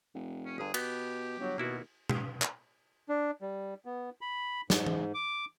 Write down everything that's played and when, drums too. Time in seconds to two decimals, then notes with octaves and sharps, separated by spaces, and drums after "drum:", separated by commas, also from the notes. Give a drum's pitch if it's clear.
0.14 F1
0.45 C#4
0.58 G1 G2 G#4
0.74 B2 B3 G4, drum: cymbal
1.39 G1 F#3
1.58 D#2 B2 A#3 E4 F#4
2.09 drum: tom B2
2.42 drum: clap
3.09 D4
3.42 G3
3.85 B3
4.21 B5
4.70 G#2, drum: snare
4.86 drum: tom E3
5.14 D6